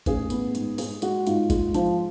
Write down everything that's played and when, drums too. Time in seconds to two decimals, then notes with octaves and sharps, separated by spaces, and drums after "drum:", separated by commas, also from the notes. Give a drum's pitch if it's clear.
0.06 A1 G#4, drum: kick G#1, hi-hat
0.30 B3, drum: hi-hat
0.55 G#2, drum: hi-hat
0.78 G#3 G#4, drum: open hi-hat
1.02 G#3 F#4, drum: hi-hat
1.27 G#2 F4, drum: hi-hat
1.50 G#3, drum: kick G#1, hi-hat
1.74 F3, drum: hi-hat